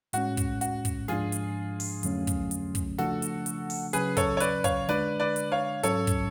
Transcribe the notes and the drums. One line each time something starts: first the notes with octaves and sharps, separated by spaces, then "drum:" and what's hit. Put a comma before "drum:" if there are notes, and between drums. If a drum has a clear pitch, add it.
A2 G#3 C#4 F#4, drum: hi-hat
drum: kick, hi-hat
F#4, drum: hi-hat
drum: kick, hi-hat
G#2 F3 G#3 D4 F4 G#4, drum: snare
drum: hi-hat
drum: open hi-hat
F2 D3 F#3 A3 C#4, drum: hi-hat
drum: kick, hi-hat
drum: hi-hat
drum: kick, hi-hat
C#3 F3 A3 D4 F#4 A4, drum: snare
drum: hi-hat
drum: hi-hat
drum: open hi-hat
C#3 F#3 C#4 G#4 B4, drum: hi-hat
A4 C#5, drum: kick, hi-hat
C#5
B4 D5, drum: hi-hat
C#5 F5, drum: kick, hi-hat
D3 G#3 D4 B4 D5, drum: snare
B4 D5
drum: hi-hat
C#5 F5
G#2 F#3 C#4 A4 C#5, drum: hi-hat
drum: kick, hi-hat